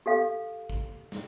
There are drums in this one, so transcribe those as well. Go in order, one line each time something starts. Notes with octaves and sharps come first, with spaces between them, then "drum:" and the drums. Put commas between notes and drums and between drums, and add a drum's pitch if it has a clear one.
G4 A4 F5
drum: kick
drum: snare